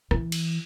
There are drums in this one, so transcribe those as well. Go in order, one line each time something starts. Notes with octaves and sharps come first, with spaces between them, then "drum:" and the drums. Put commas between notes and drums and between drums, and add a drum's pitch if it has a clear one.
E3, drum: rim click
drum: cymbal